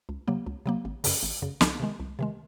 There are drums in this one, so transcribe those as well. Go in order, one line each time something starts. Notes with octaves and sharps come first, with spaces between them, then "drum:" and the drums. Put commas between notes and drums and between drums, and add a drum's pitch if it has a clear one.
C#2
C3 F#3 A#3
C#2
C3 F#3 A#3
G#1
F#2 C#3, drum: open hi-hat
G#1
F#2 C#3
C2, drum: snare
C3 D#3 G#3
C2
C3 D#3 G#3